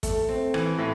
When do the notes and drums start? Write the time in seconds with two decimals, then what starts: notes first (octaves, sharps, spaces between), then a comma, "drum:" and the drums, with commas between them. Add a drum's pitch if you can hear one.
0.03 A3, drum: kick, hi-hat
0.29 C4
0.54 E3, drum: rim click
0.78 A2